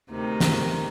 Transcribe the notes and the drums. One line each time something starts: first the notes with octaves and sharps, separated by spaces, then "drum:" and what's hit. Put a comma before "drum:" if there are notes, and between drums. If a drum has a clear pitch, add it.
D2 C3 D#3 D#4
drum: snare